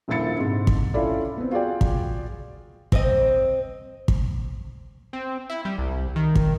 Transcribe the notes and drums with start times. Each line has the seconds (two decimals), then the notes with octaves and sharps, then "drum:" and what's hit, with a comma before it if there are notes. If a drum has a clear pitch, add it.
0.08 D#1 A#1 A#2 E4 A6 C#7
0.39 G#2 C3
0.67 drum: kick
0.94 C#4 E4 F4 A4 D5
1.37 B3 C4
1.52 F4 F#4 G#4 D5 G5
1.81 drum: kick
2.92 C4 D#5, drum: kick
4.08 drum: kick
5.13 C4
5.50 E4
5.65 G3
5.78 C2
6.16 D#3
6.35 drum: kick